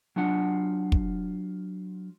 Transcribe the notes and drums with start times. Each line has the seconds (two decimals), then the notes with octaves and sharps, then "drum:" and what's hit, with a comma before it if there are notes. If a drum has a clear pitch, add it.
0.16 F#3 D4 F4 F#5
0.92 drum: kick